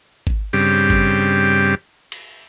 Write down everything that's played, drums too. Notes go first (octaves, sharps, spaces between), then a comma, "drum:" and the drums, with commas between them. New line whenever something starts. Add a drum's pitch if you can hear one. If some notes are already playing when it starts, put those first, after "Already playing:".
drum: kick G#1
G2 C#3 G3 C4 G4, drum: cymbal
drum: kick G#1
drum: cymbal